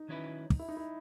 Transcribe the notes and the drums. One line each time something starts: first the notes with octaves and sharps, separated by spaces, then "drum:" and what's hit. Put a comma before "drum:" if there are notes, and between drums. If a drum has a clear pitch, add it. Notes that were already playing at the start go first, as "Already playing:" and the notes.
Already playing: D#4
D#3 F#3 C#4 E4 B4
drum: kick
E4
D#4
E4